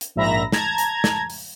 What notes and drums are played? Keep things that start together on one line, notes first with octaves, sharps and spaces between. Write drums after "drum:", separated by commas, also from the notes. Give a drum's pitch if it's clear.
drum: hi-hat
A#1 G#2 E5 A#5 B5 A#6
A5 A#5 G#6, drum: snare
drum: hi-hat
drum: snare
drum: open hi-hat